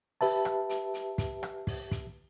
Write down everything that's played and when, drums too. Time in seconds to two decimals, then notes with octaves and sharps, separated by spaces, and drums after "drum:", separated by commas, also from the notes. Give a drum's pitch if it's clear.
0.21 G4 B4 E5 A5, drum: open hi-hat
0.45 drum: rim click
0.69 drum: hi-hat
0.94 drum: hi-hat
1.18 drum: kick, hi-hat
1.43 drum: rim click
1.67 drum: kick, open hi-hat
1.91 drum: kick, hi-hat